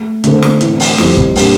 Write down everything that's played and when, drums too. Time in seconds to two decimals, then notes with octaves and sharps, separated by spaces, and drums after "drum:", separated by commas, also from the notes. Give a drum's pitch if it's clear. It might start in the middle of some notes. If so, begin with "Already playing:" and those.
Already playing: A3
0.24 D3 A3 D4 A4 C5, drum: hi-hat
0.42 drum: snare
0.61 A2 E3 A3 C4, drum: hi-hat
0.80 drum: open hi-hat
0.98 F2 E3 G3 C4, drum: snare
1.17 drum: kick
1.36 A#2 G3 D4, drum: open hi-hat